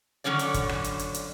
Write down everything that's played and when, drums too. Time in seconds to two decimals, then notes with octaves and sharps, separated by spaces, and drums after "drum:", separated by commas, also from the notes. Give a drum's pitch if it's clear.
0.24 D3 F#3 C#4 C#5 D5
0.39 drum: hi-hat
0.54 drum: kick, hi-hat
0.69 drum: rim click
0.84 drum: hi-hat
0.99 drum: hi-hat
1.14 drum: hi-hat